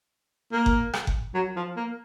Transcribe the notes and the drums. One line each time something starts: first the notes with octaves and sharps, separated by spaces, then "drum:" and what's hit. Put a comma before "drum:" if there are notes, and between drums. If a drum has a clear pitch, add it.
A#3
drum: kick F#1
drum: rim click
drum: kick F#1
F#3
F3
A#3